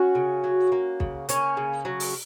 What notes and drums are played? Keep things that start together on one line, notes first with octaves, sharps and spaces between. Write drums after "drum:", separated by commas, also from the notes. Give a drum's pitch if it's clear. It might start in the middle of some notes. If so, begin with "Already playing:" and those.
Already playing: C#4 F#4
C#3
F#3
A#3
C#3, drum: kick
A#3 C#4, drum: hi-hat
C#3
F#3
drum: open hi-hat